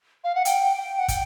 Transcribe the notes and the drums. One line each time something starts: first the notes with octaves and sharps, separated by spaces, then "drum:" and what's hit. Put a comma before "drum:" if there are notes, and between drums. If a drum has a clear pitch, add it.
F5
F#5
G5, drum: hi-hat
G5
F#5
G5, drum: kick, hi-hat